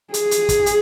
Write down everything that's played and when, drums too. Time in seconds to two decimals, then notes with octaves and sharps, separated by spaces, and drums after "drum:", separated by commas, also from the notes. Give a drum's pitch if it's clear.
0.14 G#4, drum: hi-hat
0.31 drum: hi-hat
0.49 drum: kick, hi-hat
0.66 drum: hi-hat